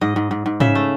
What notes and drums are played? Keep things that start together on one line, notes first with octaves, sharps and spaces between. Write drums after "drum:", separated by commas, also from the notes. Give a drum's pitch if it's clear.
G#2 D#5
G#2
G#2
G#2
C#3 E5, drum: tom G#2
A3